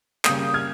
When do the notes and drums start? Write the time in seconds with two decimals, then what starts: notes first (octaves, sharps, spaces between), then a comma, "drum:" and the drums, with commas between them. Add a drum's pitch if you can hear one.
0.25 C#3 G3 A#3 D#6 G6, drum: clap
0.54 F6 G#6